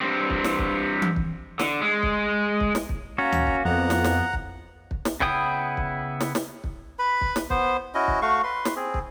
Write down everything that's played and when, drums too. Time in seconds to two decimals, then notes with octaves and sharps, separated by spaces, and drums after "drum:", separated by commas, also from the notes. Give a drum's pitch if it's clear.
0.01 G2 C4
0.30 drum: kick
0.44 drum: snare
0.59 drum: kick
1.02 drum: tom E3
1.16 drum: kick
1.59 D3, drum: snare
1.82 G#3
2.03 drum: kick
2.60 drum: kick
2.75 drum: snare
2.89 drum: kick
3.18 A#3 C#4 F#4 A#5
3.32 drum: tom D2
3.47 drum: kick
3.65 F2 B3 F#5 A#5
3.90 drum: snare
4.04 drum: snare
4.33 drum: kick
4.91 drum: kick
5.05 drum: snare
5.20 C#3 B3 E4 G5 D#6, drum: kick
5.77 drum: kick
6.20 drum: snare
6.35 drum: snare
6.64 drum: kick
6.99 B4 B5
7.21 drum: kick
7.36 drum: snare
7.50 B3 C5, drum: kick
7.95 C#4 E4 F#4 D#5
8.08 drum: kick
8.22 A3 F#4 F5 C#6
8.44 B4 C6
8.65 drum: snare
8.76 C4 G#4
8.94 drum: kick